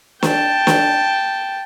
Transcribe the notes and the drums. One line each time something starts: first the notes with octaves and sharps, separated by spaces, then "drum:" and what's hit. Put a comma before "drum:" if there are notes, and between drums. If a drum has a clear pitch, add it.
G5 A5, drum: snare
drum: snare